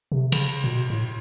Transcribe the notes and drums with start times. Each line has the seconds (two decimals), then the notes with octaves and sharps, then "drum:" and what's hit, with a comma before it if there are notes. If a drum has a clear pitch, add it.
0.12 C3
0.32 C#3, drum: cymbal
0.64 A#2
0.71 B2
0.90 A2